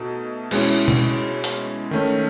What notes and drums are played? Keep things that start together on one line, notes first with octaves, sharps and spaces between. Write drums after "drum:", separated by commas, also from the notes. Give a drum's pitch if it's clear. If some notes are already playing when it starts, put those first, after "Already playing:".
Already playing: B2 A3 D#4
B2 G#3 C#4 E4, drum: cymbal
drum: tom B2
drum: hi-hat
D#3 A3 C#4